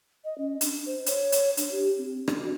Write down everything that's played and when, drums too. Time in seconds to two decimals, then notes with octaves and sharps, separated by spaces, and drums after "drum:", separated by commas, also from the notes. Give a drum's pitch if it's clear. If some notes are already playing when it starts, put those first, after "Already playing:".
0.25 D#5
0.38 C#4
0.61 D4, drum: hi-hat
0.86 C5
1.06 C#5, drum: hi-hat
1.32 drum: hi-hat
1.57 D4, drum: hi-hat
1.72 G4
1.98 C4
2.28 D4, drum: rim click
2.43 F#4